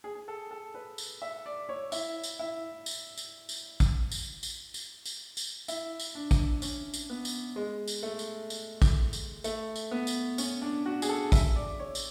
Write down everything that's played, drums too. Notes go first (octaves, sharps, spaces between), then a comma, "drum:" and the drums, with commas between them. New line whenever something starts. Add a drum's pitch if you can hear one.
G#4
G#4
A4
A4
B4
drum: tambourine
E5
D5
C#5
E4, drum: tambourine
drum: tambourine
E4
drum: tambourine
drum: tambourine
drum: tambourine
drum: kick, tambourine
drum: tambourine
drum: tambourine
drum: tambourine
drum: tambourine
drum: tambourine
E4, drum: tambourine
drum: tambourine
D4
drum: kick, tambourine
C#4, drum: tambourine
drum: tambourine
B3
drum: tambourine
G#3
drum: tambourine
A3
drum: tambourine
drum: tambourine
drum: kick, tambourine
drum: tambourine
A3, drum: tambourine
drum: tambourine
B3
drum: tambourine
C#4, drum: tambourine
D4
F#4
G#4, drum: tambourine
A4
E5, drum: kick, tambourine
D5
C#5
drum: tambourine